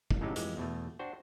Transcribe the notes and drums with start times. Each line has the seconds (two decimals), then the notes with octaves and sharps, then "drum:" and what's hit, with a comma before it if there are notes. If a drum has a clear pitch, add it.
0.11 drum: kick
0.21 F#2 A2 C#3 F#3 D#4 G4
0.36 F2 E3 G#3 G4, drum: hi-hat
0.57 E2 B2 A3
0.99 D4 F#4 C5 G5